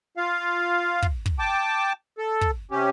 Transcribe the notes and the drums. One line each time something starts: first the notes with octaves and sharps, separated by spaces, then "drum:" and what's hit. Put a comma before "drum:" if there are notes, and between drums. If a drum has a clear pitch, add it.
F4 F5
drum: kick
drum: kick
G5 A5 D6
A4
drum: kick
C3 C#4 G4